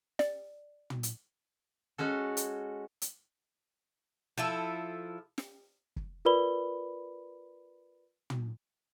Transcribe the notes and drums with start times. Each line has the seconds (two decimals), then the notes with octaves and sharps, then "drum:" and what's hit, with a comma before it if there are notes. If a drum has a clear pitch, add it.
0.19 D5, drum: snare
0.90 drum: tom
1.03 drum: hi-hat
1.98 G#3 C#4 F#4 A4
2.37 drum: hi-hat
3.02 drum: hi-hat
4.38 F3 E4 A4
5.38 drum: snare
5.96 drum: kick
6.25 F4 A#4 B4 D5 B5 G7
8.30 drum: tom